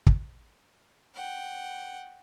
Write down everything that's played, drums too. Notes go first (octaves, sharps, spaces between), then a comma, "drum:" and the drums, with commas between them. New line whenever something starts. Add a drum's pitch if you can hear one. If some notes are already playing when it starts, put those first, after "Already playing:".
drum: kick
F#5 G5